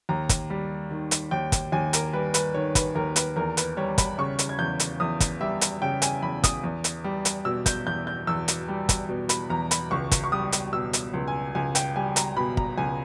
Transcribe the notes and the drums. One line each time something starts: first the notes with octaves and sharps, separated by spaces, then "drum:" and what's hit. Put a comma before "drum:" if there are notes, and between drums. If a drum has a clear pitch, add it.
D#2 A#5
drum: kick, hi-hat
G3
D#3
drum: hi-hat
D#2 G5
drum: kick, hi-hat
D#2 G#5
A#4, drum: hi-hat
G3 B4
B4, drum: hi-hat
D#3 C#5
B4, drum: kick, hi-hat
D#2 A#4
B4, drum: hi-hat
E2 A#4
B4, drum: hi-hat
G3 C#5
B5, drum: kick, hi-hat
C#3 C#6
drum: hi-hat
G#6
E2 G6
drum: hi-hat
E2 D#6
drum: kick, hi-hat
G3 E5
drum: hi-hat
C#3 G5
G#5, drum: hi-hat
E2 B5
D#6, drum: kick, hi-hat
E2
drum: hi-hat
G3
drum: hi-hat
B2 E6
G6, drum: kick, hi-hat
E2 G6
G6
E2 E6
drum: hi-hat
G3
drum: kick, hi-hat
B2
B5, drum: hi-hat
E2 A#5
B5, drum: hi-hat
C#2 C#6
drum: kick, hi-hat
C#6
G3 D#6
drum: hi-hat
B2 E6
drum: hi-hat
C#2
G#5
C#2 G#5
G5, drum: hi-hat
G3 G#5
A#5, drum: hi-hat
B2 B5
A#5, drum: kick
C#2 G#5